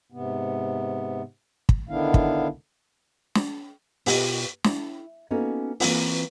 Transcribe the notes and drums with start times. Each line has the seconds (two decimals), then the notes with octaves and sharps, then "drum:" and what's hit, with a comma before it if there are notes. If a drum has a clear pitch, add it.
0.12 G#2 C3 B3
1.69 drum: kick
1.89 D3 D#3 B3 D4 E4 F5
2.14 drum: kick
3.35 drum: snare
4.06 B2 F4 G4 D#5, drum: open hi-hat
4.65 E4, drum: snare
5.31 A#3 B3 C#4 D#4 F#4 A4
5.80 E3 A#3 C4 F4, drum: open hi-hat